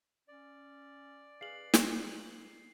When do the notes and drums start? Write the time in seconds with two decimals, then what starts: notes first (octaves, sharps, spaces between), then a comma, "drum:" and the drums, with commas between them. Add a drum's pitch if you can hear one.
0.28 C#4 D5
1.41 G#4 B4 F5 C7 F#7
1.74 drum: snare